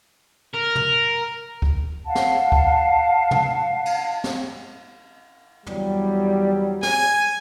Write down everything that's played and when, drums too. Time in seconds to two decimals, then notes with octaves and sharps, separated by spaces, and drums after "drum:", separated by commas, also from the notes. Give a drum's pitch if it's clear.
0.54 A#4
0.75 drum: tom
1.62 drum: kick
2.06 F5 F#5 A5
2.15 drum: snare
2.52 drum: kick
3.31 drum: tom
3.85 drum: cymbal
4.24 drum: snare
5.66 E2 F#3 G3, drum: tom
6.83 G#5, drum: snare